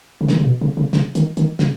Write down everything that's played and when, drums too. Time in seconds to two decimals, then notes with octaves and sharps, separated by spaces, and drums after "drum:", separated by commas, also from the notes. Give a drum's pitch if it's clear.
0.21 C#3
0.28 D#3, drum: snare
0.38 C#3
0.45 B2
0.61 C#3
0.77 C#3
0.93 C#3, drum: snare
1.15 D#3, drum: hi-hat
1.37 D#3, drum: hi-hat
1.59 C#3, drum: snare